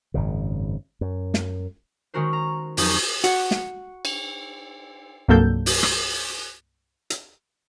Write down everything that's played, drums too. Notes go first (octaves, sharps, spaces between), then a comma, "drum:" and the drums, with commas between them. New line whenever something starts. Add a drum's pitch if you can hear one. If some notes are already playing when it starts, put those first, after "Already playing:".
G#1 F#2 C#3
F#2
drum: snare
D#3 G#3 C#4 F#4 A#4 C5
A#5
F2 F#3 C#4 D#4 D#6 G6, drum: open hi-hat
F#4, drum: hi-hat
drum: snare
drum: cymbal
C2 G2 F#3 A#3 A4 G6
drum: open hi-hat
drum: rim click
drum: hi-hat